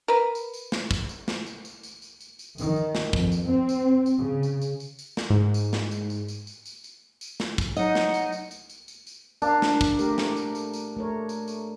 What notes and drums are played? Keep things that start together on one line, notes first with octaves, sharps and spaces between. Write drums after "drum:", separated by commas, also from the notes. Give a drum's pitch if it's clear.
A#4 B4
drum: tambourine
drum: tambourine
drum: snare
drum: kick, tambourine
drum: tambourine
drum: snare
drum: tambourine
drum: tambourine
drum: tambourine
drum: tambourine
drum: tambourine
drum: tambourine
D#3, drum: tambourine
drum: tambourine
drum: snare
F2, drum: kick
drum: tambourine
C4
drum: tambourine
drum: tambourine
C#3
drum: tambourine
drum: tambourine
drum: tambourine
drum: tambourine
drum: snare
G#2
drum: tambourine
drum: snare
drum: tambourine
drum: tambourine
drum: tambourine
drum: tambourine
drum: tambourine
drum: tambourine
drum: tambourine
drum: snare
drum: kick, tambourine
F#3 D#4 D#5 F#5, drum: tambourine
drum: snare
drum: tambourine
drum: tambourine
drum: tambourine
drum: tambourine
drum: tambourine
drum: tambourine
D4 A#4 F5, drum: tambourine
drum: snare
drum: kick, tambourine
A3 G4 A#4, drum: tambourine
drum: snare
drum: tambourine
drum: tambourine
drum: tambourine
A3 A#4 C#5
drum: tambourine
drum: tambourine